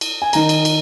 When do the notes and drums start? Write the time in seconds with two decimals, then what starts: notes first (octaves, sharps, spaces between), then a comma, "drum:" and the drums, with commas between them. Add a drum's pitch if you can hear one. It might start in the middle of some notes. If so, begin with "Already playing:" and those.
0.01 drum: cymbal
0.22 G#5
0.33 D#3 A#5, drum: cymbal
0.49 drum: cymbal
0.65 drum: cymbal